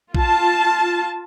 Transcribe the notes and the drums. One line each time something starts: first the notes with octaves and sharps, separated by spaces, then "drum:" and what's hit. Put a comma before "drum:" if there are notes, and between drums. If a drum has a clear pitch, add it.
F4 A5, drum: kick A#1